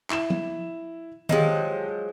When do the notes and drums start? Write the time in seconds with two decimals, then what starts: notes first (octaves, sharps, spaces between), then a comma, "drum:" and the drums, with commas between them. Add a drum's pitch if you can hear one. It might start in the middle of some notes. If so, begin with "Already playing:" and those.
0.10 E4 E7, drum: clap
0.30 drum: tom F3
1.29 F3 F#3 G#3 G4 D#5, drum: tom D#3